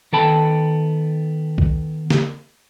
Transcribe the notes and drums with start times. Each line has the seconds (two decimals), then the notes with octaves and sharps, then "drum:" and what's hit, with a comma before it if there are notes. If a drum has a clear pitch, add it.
0.13 D#3 B3 A4 G5 A5 B5
1.58 drum: kick C2
2.10 drum: snare